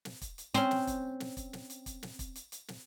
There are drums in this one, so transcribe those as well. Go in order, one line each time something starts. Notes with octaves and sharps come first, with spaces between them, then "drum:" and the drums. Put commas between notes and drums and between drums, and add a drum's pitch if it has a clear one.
drum: snare
drum: kick, hi-hat
drum: hi-hat
C4 C#4, drum: hi-hat
drum: snare
drum: kick, hi-hat
drum: snare
drum: kick, hi-hat
drum: snare
drum: hi-hat
drum: kick, hi-hat
drum: snare
drum: kick, hi-hat
drum: hi-hat
drum: hi-hat
drum: snare